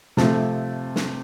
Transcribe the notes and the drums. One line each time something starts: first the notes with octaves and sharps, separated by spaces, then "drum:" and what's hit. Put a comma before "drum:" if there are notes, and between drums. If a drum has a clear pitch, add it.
C3 F3 A3 A5, drum: snare
drum: snare